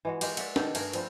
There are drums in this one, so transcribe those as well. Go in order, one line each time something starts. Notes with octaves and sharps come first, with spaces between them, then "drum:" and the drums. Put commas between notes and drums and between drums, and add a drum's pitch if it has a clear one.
E3 G#3 F#4
G#3 A#3 G4, drum: cymbal
D5 E5 F#5, drum: cymbal
B2 D#3 G4 A4, drum: snare C#4
G2 A3 G#4 A#4, drum: cymbal
F3 G3 C4, drum: cymbal